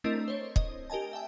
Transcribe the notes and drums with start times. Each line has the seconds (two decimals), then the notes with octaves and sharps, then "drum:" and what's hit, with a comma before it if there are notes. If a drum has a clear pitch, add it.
0.04 A3 C4 D4 E4 A#4 D#5
0.28 C5 C#5
0.56 D#5, drum: kick
0.90 G4 A#4 D#5 G#5 A5
1.13 E5 G5